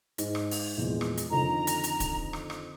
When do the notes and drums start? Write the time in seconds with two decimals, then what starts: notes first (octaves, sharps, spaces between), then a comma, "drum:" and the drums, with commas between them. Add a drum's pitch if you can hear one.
0.18 G#2, drum: hi-hat
0.35 drum: rim click
0.51 drum: open hi-hat
0.77 A#1 E2 G#3
1.01 drum: rim click
1.17 drum: hi-hat
1.31 F2 D3 D#3 A#5
1.67 drum: hi-hat
1.84 drum: hi-hat
2.00 drum: kick, hi-hat
2.33 drum: rim click
2.50 drum: rim click